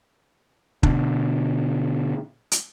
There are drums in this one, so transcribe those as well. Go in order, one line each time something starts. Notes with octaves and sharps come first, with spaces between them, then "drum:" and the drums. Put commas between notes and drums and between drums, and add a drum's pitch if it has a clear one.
B2 D3, drum: kick
drum: hi-hat